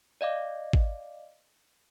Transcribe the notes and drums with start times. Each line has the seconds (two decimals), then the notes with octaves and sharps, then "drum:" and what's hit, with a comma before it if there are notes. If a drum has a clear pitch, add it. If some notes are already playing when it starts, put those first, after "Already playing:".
0.21 D5 D#5 F5 D6
0.73 drum: kick